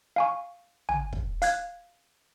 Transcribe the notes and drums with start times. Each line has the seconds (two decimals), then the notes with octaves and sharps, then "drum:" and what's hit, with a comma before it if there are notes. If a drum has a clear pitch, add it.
0.16 F5 G#5 C#6
0.89 G#5, drum: tom
1.13 drum: kick
1.42 F5 F#6 G#6, drum: hi-hat